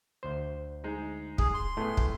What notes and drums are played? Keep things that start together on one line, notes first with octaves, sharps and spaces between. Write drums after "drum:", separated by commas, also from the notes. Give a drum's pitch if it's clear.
D2 C5
G#3 D#4
G#4, drum: kick
C6
A2 A3 B3 G#4
drum: kick